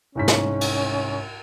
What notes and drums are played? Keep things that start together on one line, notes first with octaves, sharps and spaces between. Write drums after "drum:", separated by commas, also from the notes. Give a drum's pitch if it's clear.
C2 G#2 C#4 B6
drum: snare
drum: cymbal